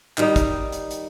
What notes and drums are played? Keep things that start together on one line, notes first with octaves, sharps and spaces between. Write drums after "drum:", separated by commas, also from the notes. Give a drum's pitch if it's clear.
D#3 G3 D#4, drum: clap
drum: kick, hi-hat
drum: hi-hat
drum: hi-hat